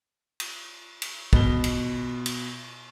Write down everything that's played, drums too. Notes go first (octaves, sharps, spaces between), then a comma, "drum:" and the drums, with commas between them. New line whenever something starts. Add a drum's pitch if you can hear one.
drum: cymbal
drum: cymbal
B2 G7, drum: kick
drum: cymbal
drum: cymbal